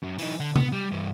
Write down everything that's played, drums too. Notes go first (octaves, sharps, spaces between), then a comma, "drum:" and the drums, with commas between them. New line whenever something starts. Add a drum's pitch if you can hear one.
F#2
E3 D#4, drum: open hi-hat
D3
B3, drum: tom C3
G3
G2 E3